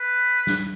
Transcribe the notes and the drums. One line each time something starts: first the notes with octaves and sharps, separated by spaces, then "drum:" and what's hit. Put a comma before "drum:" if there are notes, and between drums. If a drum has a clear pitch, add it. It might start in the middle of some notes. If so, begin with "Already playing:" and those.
Already playing: B4
drum: snare